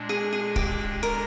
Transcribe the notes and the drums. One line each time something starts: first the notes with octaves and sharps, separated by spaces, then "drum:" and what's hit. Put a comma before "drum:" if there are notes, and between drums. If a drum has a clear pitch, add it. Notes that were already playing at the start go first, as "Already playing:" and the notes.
Already playing: A#2 G#3 D4
G#4
G#4
G4, drum: kick
A#4, drum: hi-hat